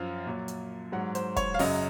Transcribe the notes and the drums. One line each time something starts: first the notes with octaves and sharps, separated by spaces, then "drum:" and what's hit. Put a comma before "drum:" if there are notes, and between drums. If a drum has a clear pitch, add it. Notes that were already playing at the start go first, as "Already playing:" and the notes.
Already playing: F#2 F3 F5
A#2 F#3
drum: hi-hat
G#2 F#3 F#5
C5, drum: hi-hat
C#5, drum: kick, hi-hat
F5
F#2 C#3 F#3 D#5, drum: open hi-hat